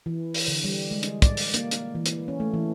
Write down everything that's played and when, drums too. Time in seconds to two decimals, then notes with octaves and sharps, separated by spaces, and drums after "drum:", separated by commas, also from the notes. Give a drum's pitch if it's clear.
0.06 E3
0.34 drum: open hi-hat
0.48 D3
0.64 G3
0.91 G#3
1.03 drum: hi-hat
1.22 D5, drum: kick, hi-hat
1.37 drum: open hi-hat
1.54 A#3, drum: hi-hat
1.71 drum: hi-hat
1.95 E3
2.06 drum: hi-hat
2.28 C#4
2.40 A3
2.54 E3